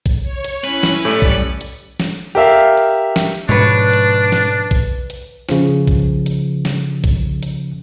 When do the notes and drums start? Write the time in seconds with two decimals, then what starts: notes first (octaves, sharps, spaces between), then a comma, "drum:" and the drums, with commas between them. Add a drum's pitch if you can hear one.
0.06 drum: kick A#1, hi-hat
0.22 C#5
0.44 drum: hi-hat
0.64 C#4 E4 B4
0.83 drum: snare
1.05 A2 G3 D5 C#7
1.22 drum: kick A#1, hi-hat
1.61 drum: hi-hat
2.00 drum: snare
2.35 G4 A#4 E5 F5
2.77 drum: hi-hat
3.16 drum: snare
3.49 G#2 B2 F3 D4 B4 C#5
3.93 drum: hi-hat
4.32 drum: snare
4.71 drum: kick A#1, hi-hat
5.10 drum: hi-hat
5.49 C#3 F3, drum: snare
5.87 drum: kick A#1, hi-hat
6.26 drum: hi-hat
6.65 drum: snare
7.04 drum: kick A#1, hi-hat
7.43 drum: hi-hat